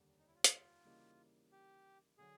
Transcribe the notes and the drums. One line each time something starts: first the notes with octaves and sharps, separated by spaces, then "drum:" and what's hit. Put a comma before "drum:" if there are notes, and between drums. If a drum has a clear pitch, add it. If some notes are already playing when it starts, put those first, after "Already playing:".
Already playing: F1 D#2 D3 G3
D#4
E4
F4
E4, drum: hi-hat
F4
C#3 E3 G3 A#3 D#4
G4
D3 F#3 G#4